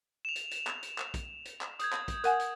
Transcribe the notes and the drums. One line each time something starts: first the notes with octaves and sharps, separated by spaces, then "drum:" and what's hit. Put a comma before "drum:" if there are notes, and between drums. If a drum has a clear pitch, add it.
E7 F7
drum: hi-hat
drum: hi-hat
drum: clap
drum: hi-hat
drum: clap
drum: kick, hi-hat
drum: hi-hat
drum: clap
D#6 G6 G#6, drum: hi-hat
drum: clap
drum: kick, hi-hat
A#4 F#5 G#5, drum: hi-hat
drum: hi-hat